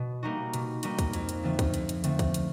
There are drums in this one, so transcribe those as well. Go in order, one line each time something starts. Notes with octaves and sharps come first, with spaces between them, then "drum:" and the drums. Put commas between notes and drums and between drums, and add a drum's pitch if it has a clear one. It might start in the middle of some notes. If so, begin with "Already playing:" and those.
Already playing: B2
G3 A#3 D#4 F#4
B2, drum: hi-hat
G3 A#3 D#4 F#4, drum: hi-hat
drum: kick, hi-hat
F2, drum: hi-hat
drum: hi-hat
D3 F3 A3 C4
drum: kick, hi-hat
F2, drum: hi-hat
drum: hi-hat
D3 F3 A3 C4, drum: hi-hat
drum: kick, hi-hat
drum: hi-hat